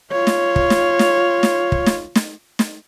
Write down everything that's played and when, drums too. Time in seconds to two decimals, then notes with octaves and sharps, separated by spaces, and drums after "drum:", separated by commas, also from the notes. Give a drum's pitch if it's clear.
0.12 F4 C#5
0.27 drum: snare
0.56 drum: kick
0.70 drum: snare
0.99 drum: snare
1.43 drum: snare
1.72 drum: kick
1.86 drum: snare
2.15 drum: snare
2.59 drum: snare